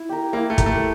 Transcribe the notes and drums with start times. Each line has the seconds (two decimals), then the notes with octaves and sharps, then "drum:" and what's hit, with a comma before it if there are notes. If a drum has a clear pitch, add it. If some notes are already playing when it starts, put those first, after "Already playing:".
Already playing: E4
0.09 G4 A#4
0.33 A#3 E4
0.50 A3
0.58 G4 A#4, drum: kick, hi-hat
0.66 A3